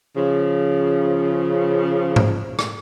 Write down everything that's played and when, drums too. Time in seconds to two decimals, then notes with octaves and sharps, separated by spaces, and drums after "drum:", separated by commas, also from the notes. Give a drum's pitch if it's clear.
0.16 C#3 F3
2.16 drum: tom G#2
2.59 drum: rim click